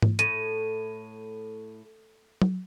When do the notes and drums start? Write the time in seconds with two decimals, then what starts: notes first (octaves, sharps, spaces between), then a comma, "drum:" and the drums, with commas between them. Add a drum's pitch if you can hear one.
0.02 drum: tom G#2
0.19 A2 D#7, drum: hi-hat
2.42 drum: tom F#3